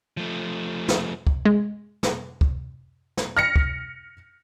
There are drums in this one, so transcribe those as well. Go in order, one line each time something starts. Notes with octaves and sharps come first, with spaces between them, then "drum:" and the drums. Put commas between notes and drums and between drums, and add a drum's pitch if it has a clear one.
F3 A3
drum: snare
drum: kick
G#3
drum: snare
drum: kick
drum: snare
F6 A#6 C#7
drum: kick